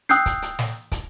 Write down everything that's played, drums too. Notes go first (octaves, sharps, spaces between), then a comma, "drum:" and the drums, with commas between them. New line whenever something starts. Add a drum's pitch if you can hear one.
G5 D#6 E6 F#6 G6 C7, drum: hi-hat
drum: kick, hi-hat
drum: hi-hat
drum: snare
drum: kick, hi-hat